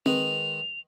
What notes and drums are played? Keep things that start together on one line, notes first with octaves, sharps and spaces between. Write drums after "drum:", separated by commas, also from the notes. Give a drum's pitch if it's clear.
D#3 G#3 B4 F7, drum: tom C4